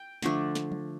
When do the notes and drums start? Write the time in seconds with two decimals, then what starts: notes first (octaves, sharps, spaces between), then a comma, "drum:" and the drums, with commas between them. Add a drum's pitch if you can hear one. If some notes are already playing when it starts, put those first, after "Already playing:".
Already playing: G5
0.22 D3 F3 A3 D4, drum: snare
0.55 drum: snare
0.72 drum: tom